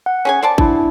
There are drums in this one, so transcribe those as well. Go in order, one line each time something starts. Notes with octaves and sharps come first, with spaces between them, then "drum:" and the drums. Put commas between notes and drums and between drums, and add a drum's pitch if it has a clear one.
F#5
C#4 G#4 G#5
C5 D5 A5
D4 E4, drum: kick